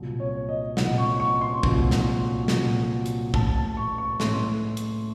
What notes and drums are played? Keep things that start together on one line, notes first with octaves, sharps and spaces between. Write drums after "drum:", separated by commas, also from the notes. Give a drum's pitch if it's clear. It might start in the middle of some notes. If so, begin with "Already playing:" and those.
Already playing: C2 A#2 F#3
C#5
D#5
C2 A#2 F#3 F#5, drum: snare
C#6
C#6
C6
C2 A#2 F#3, drum: kick
drum: snare
C2 A#2 F#3, drum: snare
drum: hi-hat
A2 A3 A5, drum: kick
A5
C#6
C#6
A2 A3 C6, drum: snare
drum: hi-hat